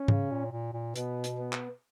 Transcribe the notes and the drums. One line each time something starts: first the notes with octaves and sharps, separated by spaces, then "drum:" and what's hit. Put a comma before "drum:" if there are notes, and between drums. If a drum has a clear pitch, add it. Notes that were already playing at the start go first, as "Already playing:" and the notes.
Already playing: C#4
C#3, drum: tom G#2
A#2
A#2
A#2
B2 B3, drum: hi-hat
drum: hi-hat
B3
drum: clap